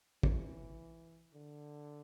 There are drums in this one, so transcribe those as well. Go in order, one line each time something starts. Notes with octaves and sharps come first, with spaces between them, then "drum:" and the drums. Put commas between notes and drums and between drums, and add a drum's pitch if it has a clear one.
E3, drum: kick
D3